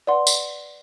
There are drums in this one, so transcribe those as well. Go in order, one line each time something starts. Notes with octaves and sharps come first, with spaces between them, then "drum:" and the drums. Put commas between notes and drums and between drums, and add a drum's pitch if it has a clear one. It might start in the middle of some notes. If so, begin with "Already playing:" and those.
B4 D5 F#5 C6
drum: tambourine